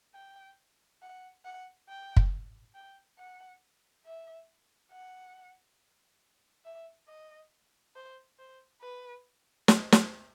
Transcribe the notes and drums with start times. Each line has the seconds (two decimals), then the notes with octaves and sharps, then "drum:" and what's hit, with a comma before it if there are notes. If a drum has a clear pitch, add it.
0.14 G5
1.02 F#5
1.45 F#5
1.89 G5
2.17 drum: kick
2.74 G5
3.18 F#5
4.05 E5
4.91 F#5
6.65 E5
7.08 D#5
7.95 C5
8.39 C5
8.82 B4
9.68 D#5, drum: snare
9.92 drum: snare